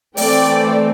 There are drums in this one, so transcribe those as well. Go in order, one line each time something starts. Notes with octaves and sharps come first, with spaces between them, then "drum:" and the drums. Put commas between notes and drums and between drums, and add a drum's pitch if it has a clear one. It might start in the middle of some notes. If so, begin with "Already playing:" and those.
E3 A3 C4 D5 G5, drum: open hi-hat